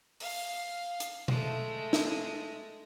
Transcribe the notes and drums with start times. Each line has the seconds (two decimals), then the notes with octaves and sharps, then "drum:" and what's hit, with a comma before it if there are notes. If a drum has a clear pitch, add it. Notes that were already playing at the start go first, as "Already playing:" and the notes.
0.20 F5, drum: open hi-hat
1.00 drum: hi-hat
1.28 G#3 A3, drum: tom B2
1.93 drum: snare